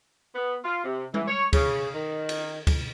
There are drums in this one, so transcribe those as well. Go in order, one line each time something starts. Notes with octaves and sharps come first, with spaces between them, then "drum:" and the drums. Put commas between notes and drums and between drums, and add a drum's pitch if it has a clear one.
B3
F4
C3
E3, drum: tom G3
C#5
C#3, drum: kick D2, cymbal
D#3
drum: cymbal
drum: kick D2, cymbal